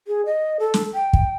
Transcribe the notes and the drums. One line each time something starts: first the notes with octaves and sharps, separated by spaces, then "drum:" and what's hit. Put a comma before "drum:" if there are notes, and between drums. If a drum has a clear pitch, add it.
G#4
D#5
A4
drum: snare
G5
drum: kick